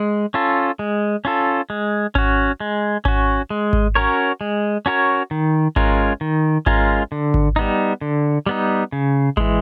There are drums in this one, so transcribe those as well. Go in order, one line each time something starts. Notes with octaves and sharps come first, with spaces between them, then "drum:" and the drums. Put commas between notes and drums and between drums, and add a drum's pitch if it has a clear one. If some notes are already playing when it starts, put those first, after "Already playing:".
Already playing: G#3
C#4 F4 A4
G#3
C#4 F4 A4
G#3
C#4 F#4, drum: kick G#1
G#3
C#4 F#4, drum: kick G#1
G#3
drum: kick G#1
C#4 F#4 A#4 C#5
G#3
C#4 F#4 A#4 C#5
D#3
G#3 C#4 F4 A#4, drum: kick G#1
D#3
G#3 C#4 F4 A#4, drum: kick G#1
D3
drum: kick G#1
G3 B3 D#4
D3
G3 B3 D#4
C#3
E3 G#3, drum: kick G#1